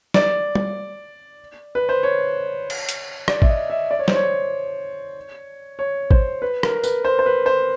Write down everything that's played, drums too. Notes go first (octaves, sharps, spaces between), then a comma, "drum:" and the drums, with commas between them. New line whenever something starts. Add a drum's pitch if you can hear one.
D5, drum: snare
drum: tom
B4
C5
C#5
drum: cymbal
drum: hi-hat
D5, drum: rim click
E5, drum: kick
D#5
E5
D5
C#5
C5, drum: snare
C#5
C#5
C5, drum: kick
B4
A#4, drum: rim click
B4, drum: tambourine
C5
C5
B4
C5